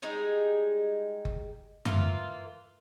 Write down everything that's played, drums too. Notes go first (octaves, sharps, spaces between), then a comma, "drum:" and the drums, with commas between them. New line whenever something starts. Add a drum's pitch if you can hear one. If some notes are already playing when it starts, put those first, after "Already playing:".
G3 G#3 D#4 G#4
drum: kick F#1
E3 A#3 F4, drum: tom F#2